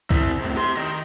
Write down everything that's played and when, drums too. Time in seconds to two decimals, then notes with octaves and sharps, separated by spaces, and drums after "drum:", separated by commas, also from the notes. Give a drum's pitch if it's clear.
0.10 C3 E4, drum: kick C2
0.40 A2 C3
0.56 G4 C6
0.77 D#3 D#5